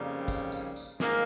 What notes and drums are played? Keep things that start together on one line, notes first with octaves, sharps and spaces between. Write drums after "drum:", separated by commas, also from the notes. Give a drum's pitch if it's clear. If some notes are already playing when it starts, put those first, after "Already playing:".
Already playing: F2 C#3 G3 A#3 D#4
drum: kick, tambourine
drum: tambourine
drum: tambourine
G#2 D#3 A#3, drum: snare